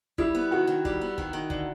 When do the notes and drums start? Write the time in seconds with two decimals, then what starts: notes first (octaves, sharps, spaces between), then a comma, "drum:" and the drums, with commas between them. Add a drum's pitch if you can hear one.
0.18 G3 E4, drum: kick
0.35 B3
0.51 D#3 F#4
0.67 D#3
0.85 G3, drum: kick
1.01 B3
1.18 D#3, drum: kick
1.33 D#3
1.50 D3, drum: kick